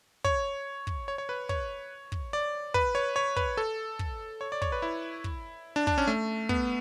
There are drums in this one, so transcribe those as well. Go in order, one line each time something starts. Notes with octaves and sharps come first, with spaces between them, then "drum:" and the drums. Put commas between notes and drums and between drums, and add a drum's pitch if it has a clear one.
C#5, drum: kick
drum: kick
C#5
C#5
B4
C#5, drum: kick
drum: kick
D5
B4, drum: kick
C#5
C#5
B4, drum: kick
A4
drum: kick
C#5
D5
C#5, drum: kick
B4
E4
drum: kick
D4
D4, drum: kick
C#4
A3
B3, drum: kick